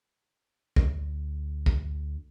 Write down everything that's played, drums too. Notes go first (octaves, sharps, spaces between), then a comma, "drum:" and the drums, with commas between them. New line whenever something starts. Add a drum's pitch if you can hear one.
D2, drum: kick
drum: kick